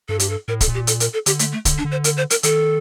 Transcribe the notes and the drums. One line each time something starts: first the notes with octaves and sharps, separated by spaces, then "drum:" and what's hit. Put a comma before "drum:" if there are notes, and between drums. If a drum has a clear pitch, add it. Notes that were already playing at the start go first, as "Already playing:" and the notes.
G2 A4
G4, drum: hi-hat
A4
A2 A#4
A4, drum: kick, hi-hat
A#2
G4
A4, drum: hi-hat
A#4, drum: hi-hat
A4
D3 G4, drum: hi-hat
A3, drum: hi-hat
A3
D3, drum: kick, hi-hat
D4
D3
C5
A#4, drum: hi-hat
C5
A#4, drum: hi-hat
D#3 A4, drum: hi-hat